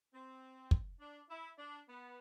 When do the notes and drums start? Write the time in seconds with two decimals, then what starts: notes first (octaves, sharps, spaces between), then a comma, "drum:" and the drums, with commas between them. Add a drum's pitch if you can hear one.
0.13 C4
0.71 drum: kick
1.00 D4
1.30 E4
1.59 D4
1.88 B3